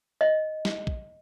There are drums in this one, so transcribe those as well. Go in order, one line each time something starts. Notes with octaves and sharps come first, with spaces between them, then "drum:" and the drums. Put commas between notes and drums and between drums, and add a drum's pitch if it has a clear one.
D#5
drum: snare
drum: kick